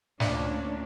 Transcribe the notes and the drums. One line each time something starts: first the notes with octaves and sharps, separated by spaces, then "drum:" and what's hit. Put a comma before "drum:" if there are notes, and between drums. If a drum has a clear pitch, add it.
D2 A#2 C#4 D4, drum: snare